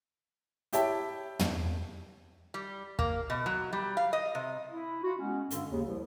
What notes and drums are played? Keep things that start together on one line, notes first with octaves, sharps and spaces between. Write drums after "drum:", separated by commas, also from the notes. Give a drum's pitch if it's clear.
E4 G4 C#5 E5 G5 A5, drum: hi-hat
drum: tom
G3
A#3, drum: kick
B2
F#3
G3
F5
D#5
C3
E4
F4 F#4
G#3 B3 C#4
G2 D3, drum: hi-hat
D#2 C#3
C2 F3